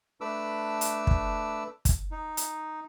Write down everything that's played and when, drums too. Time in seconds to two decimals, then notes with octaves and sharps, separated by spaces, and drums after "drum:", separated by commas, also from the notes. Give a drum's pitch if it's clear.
0.21 A3 D4 B4 D6 E6
0.81 drum: hi-hat
1.07 drum: kick
1.85 drum: kick, hi-hat
2.11 D#4
2.37 drum: hi-hat